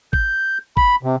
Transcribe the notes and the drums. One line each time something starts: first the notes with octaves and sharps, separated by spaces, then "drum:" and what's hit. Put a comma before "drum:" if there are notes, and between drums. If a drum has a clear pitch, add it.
G6, drum: kick G#1
B5, drum: kick G#1
C3